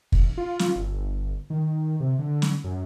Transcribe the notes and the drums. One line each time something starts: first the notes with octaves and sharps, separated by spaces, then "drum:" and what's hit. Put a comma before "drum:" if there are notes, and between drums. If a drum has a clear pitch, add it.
D#1, drum: kick
F4
drum: snare
G1
D#3
C3
D3
drum: snare
F#2